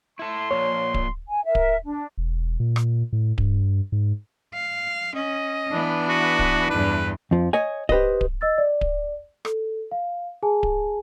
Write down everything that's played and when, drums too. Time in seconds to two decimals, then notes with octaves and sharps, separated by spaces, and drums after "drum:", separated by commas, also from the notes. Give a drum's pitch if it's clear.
0.19 E4 A4 C6
0.51 A#2 F3 C#5
0.94 drum: kick D1
1.30 G#5
1.44 A#4 E5
1.55 drum: kick D1
1.85 D4
2.18 E1
2.60 A#2
2.76 drum: rim click
3.13 A2
3.38 G2, drum: kick D1
3.92 G#2
4.53 F5
5.15 C#4 D#5
5.71 E3 B3 D4
6.09 F#4
6.39 drum: kick D1
6.70 E2 G2 B4
7.31 F2 F3
7.53 C#5 D#5 G#5
7.89 G4 B4 C5 D#5, drum: kick D1
8.21 drum: kick D1
8.41 D#5 E6 A6
8.58 D5
8.81 drum: kick D1
9.45 A4, drum: rim click
9.91 F5
10.43 G#4 G#5 A5
10.63 drum: kick D1